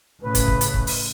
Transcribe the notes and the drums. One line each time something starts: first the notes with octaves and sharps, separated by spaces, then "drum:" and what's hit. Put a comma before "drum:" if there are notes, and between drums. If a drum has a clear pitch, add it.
A2 C#3 B4
drum: kick, hi-hat
drum: kick
drum: hi-hat
drum: kick
drum: open hi-hat